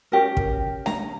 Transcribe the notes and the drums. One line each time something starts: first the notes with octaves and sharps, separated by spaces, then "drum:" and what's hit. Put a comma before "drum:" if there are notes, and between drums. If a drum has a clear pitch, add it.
C#4 G4 A#4
drum: kick
A#5, drum: snare D4